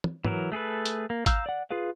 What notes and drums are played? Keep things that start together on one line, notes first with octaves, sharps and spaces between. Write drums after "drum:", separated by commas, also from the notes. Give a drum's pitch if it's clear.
drum: tom
E3 F#3 A#4, drum: tom
A3 G#4 A4 B4
drum: hi-hat
A#3
F5 A#5 E6 F6 G6, drum: kick G#1, hi-hat
D5 F#5
F4 G#4 B4 F5